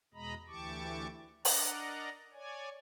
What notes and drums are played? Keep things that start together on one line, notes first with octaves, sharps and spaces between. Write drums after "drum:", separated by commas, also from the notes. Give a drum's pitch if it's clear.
E2 B2 G#3 D#5 A#5 B5
D2 E3 G4 A5 C#6 D6
D4 A#4 D5 D#5 F#5 A#5, drum: open hi-hat
C#5 D5 G#5